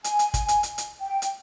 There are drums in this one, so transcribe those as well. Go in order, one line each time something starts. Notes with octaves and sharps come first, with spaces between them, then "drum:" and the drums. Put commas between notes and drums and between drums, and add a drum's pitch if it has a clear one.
G#5, drum: hi-hat
drum: hi-hat
drum: kick, hi-hat
drum: hi-hat
drum: hi-hat
drum: hi-hat
G5
drum: hi-hat